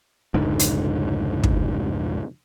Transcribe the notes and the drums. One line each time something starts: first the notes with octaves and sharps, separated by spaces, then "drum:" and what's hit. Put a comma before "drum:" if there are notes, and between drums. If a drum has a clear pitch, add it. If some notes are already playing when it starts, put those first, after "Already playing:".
F1 C#2 G#2 D3
drum: hi-hat
drum: kick